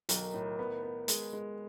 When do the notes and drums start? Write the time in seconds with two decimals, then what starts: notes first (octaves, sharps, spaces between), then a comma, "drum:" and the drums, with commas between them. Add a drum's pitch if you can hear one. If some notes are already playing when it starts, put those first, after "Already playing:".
0.09 B1 D#3, drum: hi-hat
0.34 A2
0.59 B3
0.83 B3
1.08 G#3, drum: hi-hat
1.33 G#3